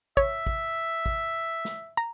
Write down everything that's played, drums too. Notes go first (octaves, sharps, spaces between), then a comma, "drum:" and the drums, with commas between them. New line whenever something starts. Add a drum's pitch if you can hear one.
C#5 E5, drum: kick
drum: kick
drum: kick
drum: snare
A#5